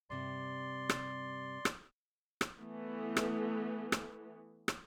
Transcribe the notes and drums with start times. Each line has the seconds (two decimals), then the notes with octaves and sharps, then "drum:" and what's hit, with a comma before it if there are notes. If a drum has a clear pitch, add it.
0.10 G2 C3 G3 D5 C6
0.89 drum: rim click
1.65 drum: rim click
2.41 drum: rim click
2.60 E3 A3 B3
3.17 drum: rim click
3.92 drum: rim click
4.68 drum: rim click